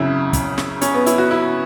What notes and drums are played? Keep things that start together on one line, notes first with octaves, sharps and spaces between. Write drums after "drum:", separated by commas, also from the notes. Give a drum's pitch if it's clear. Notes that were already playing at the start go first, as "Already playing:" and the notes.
Already playing: G#1 F#2 C#3 E4
drum: kick, hi-hat
drum: snare
C#4, drum: hi-hat
B3
E4, drum: hi-hat
F#4
E4